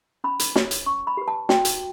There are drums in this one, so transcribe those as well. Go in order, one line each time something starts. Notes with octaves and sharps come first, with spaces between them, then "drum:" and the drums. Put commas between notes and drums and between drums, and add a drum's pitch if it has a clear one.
C#4 B5
drum: hi-hat
G4 C#5, drum: snare
drum: hi-hat
C#4 C#6
B5
G4 B4
A5
F#4 G5, drum: snare
drum: hi-hat